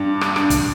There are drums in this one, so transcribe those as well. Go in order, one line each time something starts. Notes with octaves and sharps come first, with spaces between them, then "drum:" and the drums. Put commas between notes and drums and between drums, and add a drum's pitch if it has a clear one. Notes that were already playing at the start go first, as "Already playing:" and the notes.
Already playing: G2
drum: rim click
G2, drum: rim click
drum: kick, hi-hat